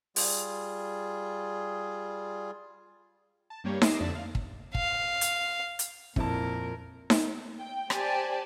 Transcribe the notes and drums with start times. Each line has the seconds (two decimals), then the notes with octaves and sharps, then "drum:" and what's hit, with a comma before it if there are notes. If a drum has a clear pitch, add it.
0.16 G3 F4 G#4, drum: open hi-hat
3.50 A5
3.64 G2 G3 A#3 G4 C#5
3.82 D6 D#6 A#6 C7 E7, drum: snare D#4
4.00 F2 D3 D5 E5 A5
4.15 F5
4.35 drum: kick
4.75 F5, drum: kick
5.21 drum: hi-hat
5.79 drum: hi-hat
6.16 F2 A#2 E4 A#4 A5, drum: kick
7.10 drum: snare D#4
7.59 G5
7.90 G4 C5 D5 G#5 A5, drum: rim click